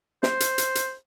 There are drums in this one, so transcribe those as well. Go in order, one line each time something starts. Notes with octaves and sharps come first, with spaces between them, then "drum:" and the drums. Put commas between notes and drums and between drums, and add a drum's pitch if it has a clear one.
C5, drum: snare
drum: hi-hat
drum: hi-hat
drum: hi-hat